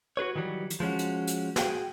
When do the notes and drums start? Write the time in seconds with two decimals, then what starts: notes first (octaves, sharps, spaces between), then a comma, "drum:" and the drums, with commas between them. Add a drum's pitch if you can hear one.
0.17 F#4 G#4 B4 C#5
0.36 D#3 E3 F#3 G3
0.70 drum: hi-hat
0.80 F3 G#3 C#4 F#4
0.99 drum: hi-hat
1.27 drum: hi-hat
1.56 F#4 G#4 G5, drum: snare